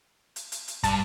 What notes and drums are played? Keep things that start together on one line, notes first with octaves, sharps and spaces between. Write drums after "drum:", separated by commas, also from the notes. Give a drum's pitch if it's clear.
drum: hi-hat
drum: hi-hat
drum: hi-hat
G2 A5, drum: kick, hi-hat